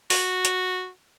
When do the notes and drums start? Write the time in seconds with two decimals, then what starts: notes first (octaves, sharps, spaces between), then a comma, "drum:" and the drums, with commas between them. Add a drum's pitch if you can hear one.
0.10 F#4, drum: open hi-hat
0.45 drum: hi-hat